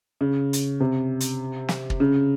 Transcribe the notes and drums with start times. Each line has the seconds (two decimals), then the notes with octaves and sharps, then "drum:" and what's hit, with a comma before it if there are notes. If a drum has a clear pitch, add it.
0.21 C#3
0.53 drum: hi-hat
0.80 C3
1.20 drum: hi-hat
1.69 drum: snare
1.90 drum: kick
2.00 C#3